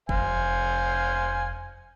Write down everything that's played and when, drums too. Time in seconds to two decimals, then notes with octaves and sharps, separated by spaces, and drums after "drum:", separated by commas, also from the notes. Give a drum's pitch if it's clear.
0.09 F1 C5 F5 G#5, drum: kick F#1